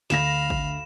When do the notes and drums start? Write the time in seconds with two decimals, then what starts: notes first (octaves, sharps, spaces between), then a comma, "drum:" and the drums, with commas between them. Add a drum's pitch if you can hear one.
0.10 D2 F5 B5 A#6 E7, drum: snare
0.50 drum: kick